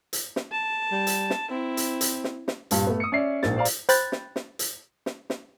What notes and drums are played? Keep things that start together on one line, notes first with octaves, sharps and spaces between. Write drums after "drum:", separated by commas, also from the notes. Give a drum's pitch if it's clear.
drum: hi-hat
drum: snare
A5
G3
drum: hi-hat
drum: snare
C4 E4
drum: hi-hat
drum: hi-hat
drum: snare
drum: snare
D#1 G2 A#2, drum: hi-hat
A3 B3
D#6 C#7
C#4 D5 E5 C7
A#1 G#2 A#3 A6, drum: snare
C5 D5 F5 A#5
drum: hi-hat
C5 G5 B5 F#6 G6 A6, drum: hi-hat
drum: snare
drum: snare
drum: hi-hat
drum: snare
drum: snare